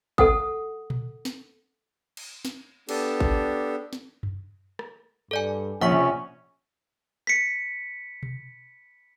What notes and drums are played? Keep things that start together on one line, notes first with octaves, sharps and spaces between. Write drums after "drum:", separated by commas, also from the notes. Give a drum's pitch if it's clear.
A4 F#5 D#6, drum: kick A1
drum: tom A#2
drum: snare
drum: cymbal
drum: snare
B3 D4 G4 A4, drum: cymbal
drum: kick A1
drum: snare
drum: tom F#2
drum: rim click
G2 A4 D5 G#5
A#1 C#4 F#5 C#6 B6
drum: tom B2
B6 C#7
drum: tom B2